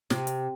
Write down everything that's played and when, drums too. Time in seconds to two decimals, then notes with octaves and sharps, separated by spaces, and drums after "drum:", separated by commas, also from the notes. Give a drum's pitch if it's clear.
0.10 C3, drum: snare
0.27 drum: hi-hat